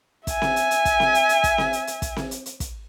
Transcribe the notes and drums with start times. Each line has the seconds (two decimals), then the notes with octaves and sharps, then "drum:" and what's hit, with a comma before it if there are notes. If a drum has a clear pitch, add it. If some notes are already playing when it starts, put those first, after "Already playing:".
0.27 E5 G#5, drum: kick, hi-hat
0.42 drum: snare C4
0.56 drum: hi-hat
0.71 drum: hi-hat
0.85 drum: kick, hi-hat
1.00 drum: snare C4
1.14 drum: hi-hat
1.29 drum: hi-hat
1.44 drum: kick, hi-hat
1.58 drum: snare C4
1.73 drum: hi-hat
1.87 drum: hi-hat
2.02 drum: kick, hi-hat
2.16 drum: snare C4
2.31 drum: hi-hat
2.46 drum: hi-hat
2.60 drum: kick, hi-hat